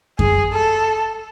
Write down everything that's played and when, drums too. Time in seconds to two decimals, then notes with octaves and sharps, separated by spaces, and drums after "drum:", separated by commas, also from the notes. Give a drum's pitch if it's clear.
0.19 G#4, drum: kick F#2
0.53 A4